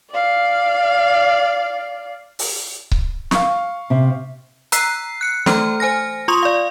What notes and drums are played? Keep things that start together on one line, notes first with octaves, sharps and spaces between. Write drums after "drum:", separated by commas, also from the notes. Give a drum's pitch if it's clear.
D5 F5
drum: open hi-hat
drum: kick C#1
F5 C#6, drum: snare
C3
A#5 E6 F#6 B6 C7, drum: hi-hat
F#6 C#7
E3 A3 A4 C5 A#5 F6, drum: snare
C5 G#5 F6 A#6
F4 C6 C#6 D#6 F7
D5 F5